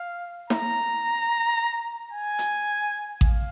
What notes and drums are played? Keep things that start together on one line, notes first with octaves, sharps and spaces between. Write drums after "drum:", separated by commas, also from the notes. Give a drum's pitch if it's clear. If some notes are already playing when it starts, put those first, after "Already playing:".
Already playing: F5
A#5, drum: snare
G#5
drum: hi-hat
F5, drum: kick A1